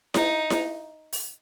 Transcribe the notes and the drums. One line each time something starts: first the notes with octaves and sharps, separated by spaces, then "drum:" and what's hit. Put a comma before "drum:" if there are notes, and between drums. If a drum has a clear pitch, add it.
D#4, drum: snare E4
drum: snare E4
drum: open hi-hat